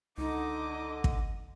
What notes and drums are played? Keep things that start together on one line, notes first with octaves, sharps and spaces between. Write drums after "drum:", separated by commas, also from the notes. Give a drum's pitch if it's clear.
C#2 D3 D#4 D#5 D6
drum: kick